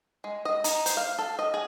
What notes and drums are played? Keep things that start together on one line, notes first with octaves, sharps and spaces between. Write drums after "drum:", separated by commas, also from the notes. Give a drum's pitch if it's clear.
G#3
D#5
D#4, drum: hi-hat
C5, drum: hi-hat
F5
A4
D#5
G#4